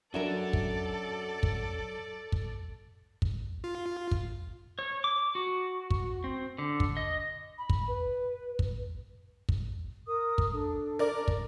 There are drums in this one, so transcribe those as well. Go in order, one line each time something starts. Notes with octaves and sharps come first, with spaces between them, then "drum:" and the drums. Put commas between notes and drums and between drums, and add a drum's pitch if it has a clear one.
F#2 F#3 D4 A4 A#4 D5 E5
drum: kick
drum: kick
drum: kick
drum: kick
F4
drum: kick
C#5
D6
F#4
drum: kick
C4
D3
drum: kick
D#5
B5
drum: kick
B4
drum: kick
drum: kick
A#4 D#6
drum: kick
D4 A4
A#4 D5
drum: kick